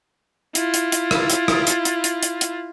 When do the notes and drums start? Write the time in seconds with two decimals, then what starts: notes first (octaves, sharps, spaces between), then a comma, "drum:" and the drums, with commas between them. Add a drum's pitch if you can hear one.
0.55 E4 F4, drum: hi-hat
0.74 drum: hi-hat
0.92 drum: hi-hat
1.11 drum: rim click
1.30 drum: hi-hat
1.48 drum: rim click
1.67 drum: hi-hat
1.85 drum: hi-hat
2.04 drum: hi-hat
2.23 drum: hi-hat
2.41 drum: hi-hat